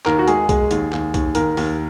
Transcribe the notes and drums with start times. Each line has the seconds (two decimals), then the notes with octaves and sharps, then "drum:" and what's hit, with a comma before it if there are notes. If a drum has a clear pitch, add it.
0.06 D#2 A#4, drum: clap
0.19 F#4
0.28 G#3 G#4, drum: hi-hat
0.49 G#3, drum: kick C2, hi-hat
0.71 D#2, drum: hi-hat
0.93 D#2, drum: clap
1.14 D#2, drum: kick C2, hi-hat
1.35 D#2 A#4, drum: hi-hat
1.57 D#2, drum: open hi-hat